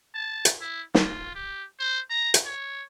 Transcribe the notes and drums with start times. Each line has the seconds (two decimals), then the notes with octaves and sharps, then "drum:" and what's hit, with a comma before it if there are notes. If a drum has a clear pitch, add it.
0.15 A5
0.45 drum: hi-hat
0.61 E4
0.94 F4, drum: snare
1.35 G4
1.79 C5
2.10 A#5
2.34 drum: hi-hat
2.45 C#5